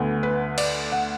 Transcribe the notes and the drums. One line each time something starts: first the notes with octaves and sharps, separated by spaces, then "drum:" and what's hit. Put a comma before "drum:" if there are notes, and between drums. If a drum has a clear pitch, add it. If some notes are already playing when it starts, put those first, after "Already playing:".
Already playing: D2 D3 B3
B4
D5, drum: cymbal
F#5